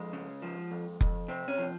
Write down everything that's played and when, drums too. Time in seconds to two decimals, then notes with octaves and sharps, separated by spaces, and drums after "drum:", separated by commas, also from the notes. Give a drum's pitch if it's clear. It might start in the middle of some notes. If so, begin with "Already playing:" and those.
Already playing: F2 G#3
0.13 C#3
0.42 F3
0.71 F2
1.01 F2, drum: kick F1
1.28 C3 C4
1.48 C#4
1.58 F3